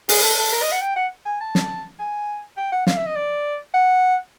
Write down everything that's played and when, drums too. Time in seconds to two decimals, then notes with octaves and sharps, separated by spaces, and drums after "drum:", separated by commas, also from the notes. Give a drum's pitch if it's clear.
0.09 G#4, drum: open hi-hat
0.23 A4
0.38 A4
0.52 A#4
0.62 D#5
0.72 F#5
0.81 G5
0.96 F#5
1.26 G#5
1.41 A5
1.55 drum: snare
1.99 G#5
2.57 G5
2.72 F#5
2.87 F5, drum: snare
2.97 E5
3.06 D#5
3.15 D5
3.74 F#5